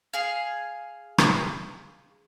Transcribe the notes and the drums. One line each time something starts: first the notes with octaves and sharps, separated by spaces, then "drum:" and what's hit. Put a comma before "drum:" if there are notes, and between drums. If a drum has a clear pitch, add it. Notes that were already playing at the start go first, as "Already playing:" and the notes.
G#4 F5
drum: rim click